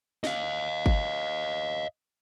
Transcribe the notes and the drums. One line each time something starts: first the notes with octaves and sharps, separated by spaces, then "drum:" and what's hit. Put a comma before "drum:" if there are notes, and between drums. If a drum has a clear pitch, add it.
D#5 F5, drum: snare
drum: kick G1